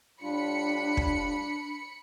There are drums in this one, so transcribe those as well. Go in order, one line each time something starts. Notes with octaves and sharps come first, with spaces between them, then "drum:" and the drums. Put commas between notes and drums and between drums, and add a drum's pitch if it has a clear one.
A2 G3 D4 F4 B5 C#7
drum: kick